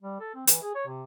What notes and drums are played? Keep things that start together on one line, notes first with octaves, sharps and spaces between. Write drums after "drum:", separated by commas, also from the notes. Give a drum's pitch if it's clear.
G3
A4
C4
E3, drum: hi-hat
G#4
C#5
C3